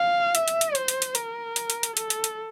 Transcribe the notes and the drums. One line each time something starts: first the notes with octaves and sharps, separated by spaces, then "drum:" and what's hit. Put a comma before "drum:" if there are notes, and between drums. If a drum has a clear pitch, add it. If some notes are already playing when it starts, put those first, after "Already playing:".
Already playing: F5
E5, drum: hi-hat
drum: hi-hat
drum: hi-hat
C5, drum: hi-hat
drum: hi-hat
drum: hi-hat
A#4, drum: hi-hat
drum: hi-hat
drum: hi-hat
drum: hi-hat
A4, drum: hi-hat
drum: hi-hat
drum: hi-hat